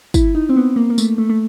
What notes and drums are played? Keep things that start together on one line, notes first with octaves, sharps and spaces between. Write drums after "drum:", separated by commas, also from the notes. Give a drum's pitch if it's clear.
E4, drum: kick, tambourine
D#4
C4
B3
A#3
A#3
A3, drum: tambourine
A3
A3